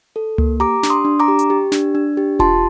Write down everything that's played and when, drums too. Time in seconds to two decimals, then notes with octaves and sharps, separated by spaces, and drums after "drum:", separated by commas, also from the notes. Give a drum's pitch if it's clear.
0.16 A4
0.38 A#3, drum: tom C#2
0.60 G4 A#5 D6
0.83 D4, drum: snare
0.90 C6 D#6
1.05 D4
1.20 A#5 D6
1.28 G4
1.39 drum: hi-hat
1.50 G4
1.72 D4, drum: snare
1.95 D4
2.17 G4
2.39 F4 A5 C6, drum: kick E1